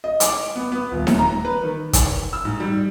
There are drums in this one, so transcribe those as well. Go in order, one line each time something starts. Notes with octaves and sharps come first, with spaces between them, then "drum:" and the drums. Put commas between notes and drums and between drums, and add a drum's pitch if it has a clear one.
D#5
D6, drum: hi-hat
B3
B3
D#1
drum: snare D#4
A#5
B4
D#3
drum: kick, hi-hat
E6
G#2
G3